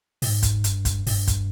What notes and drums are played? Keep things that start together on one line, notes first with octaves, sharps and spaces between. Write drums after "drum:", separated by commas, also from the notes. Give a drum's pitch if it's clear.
G#2, drum: open hi-hat
drum: kick, hi-hat
G2, drum: hi-hat
drum: kick, hi-hat
G2, drum: open hi-hat
drum: kick, hi-hat